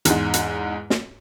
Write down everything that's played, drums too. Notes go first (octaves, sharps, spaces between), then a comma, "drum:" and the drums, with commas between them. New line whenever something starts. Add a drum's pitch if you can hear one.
E2 G#2, drum: hi-hat
drum: hi-hat
drum: snare